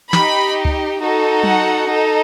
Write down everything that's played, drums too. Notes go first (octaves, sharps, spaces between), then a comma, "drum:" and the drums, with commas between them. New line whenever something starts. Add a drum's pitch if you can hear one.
D#4 G4 B5, drum: snare
drum: kick C#2
D#4 F#4 A4
F#5, drum: tom F#3
D#4 A4